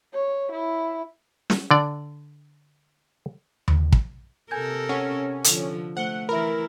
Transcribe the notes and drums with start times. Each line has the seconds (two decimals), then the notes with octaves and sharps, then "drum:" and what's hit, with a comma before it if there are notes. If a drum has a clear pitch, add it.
0.13 C#5
0.52 E4
1.50 drum: snare
1.71 D3 D5
3.68 drum: tom D#2
3.92 drum: kick
4.51 C3 A4 A#4 G#5 G6 G#6
4.89 C#4 F#5
5.44 D3 F3 A4, drum: hi-hat
5.97 A3 C5 F#5 C#7 G7
6.29 E3 E4 A#4 E5 B5